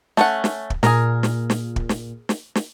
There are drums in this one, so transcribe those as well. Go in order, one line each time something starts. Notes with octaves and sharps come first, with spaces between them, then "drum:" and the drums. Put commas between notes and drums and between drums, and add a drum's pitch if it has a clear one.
A3 C#4 F#5, drum: snare
drum: snare
drum: kick
A#2 G#4 A#4, drum: snare
drum: snare
drum: snare
drum: kick
drum: snare
drum: snare
drum: snare